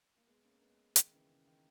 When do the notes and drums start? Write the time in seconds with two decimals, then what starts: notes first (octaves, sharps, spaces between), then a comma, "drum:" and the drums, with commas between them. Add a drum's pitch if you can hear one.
0.17 A#3
0.27 G#3 B3
0.44 A#3 C#4
0.61 G#3 B3
0.96 D#3, drum: hi-hat
1.13 C#3 E3
1.31 C#3
1.47 D#3